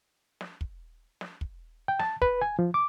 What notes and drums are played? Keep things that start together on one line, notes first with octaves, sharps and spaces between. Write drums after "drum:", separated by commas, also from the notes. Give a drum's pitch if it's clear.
drum: snare
drum: kick
drum: snare
drum: kick
G5
A5, drum: snare
B4, drum: kick
G#5
F3
D6